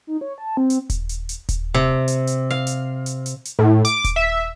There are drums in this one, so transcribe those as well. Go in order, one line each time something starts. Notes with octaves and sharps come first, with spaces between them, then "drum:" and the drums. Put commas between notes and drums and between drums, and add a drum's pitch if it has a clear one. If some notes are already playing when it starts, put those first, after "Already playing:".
D#4
C#5
A5
C4
drum: hi-hat
drum: kick D#1, hi-hat
drum: hi-hat
drum: hi-hat
drum: kick D#1, hi-hat
C3
drum: hi-hat
drum: hi-hat
F5
drum: hi-hat
drum: hi-hat
drum: hi-hat
drum: hi-hat
A2
D6, drum: hi-hat
drum: kick D#1, hi-hat
E5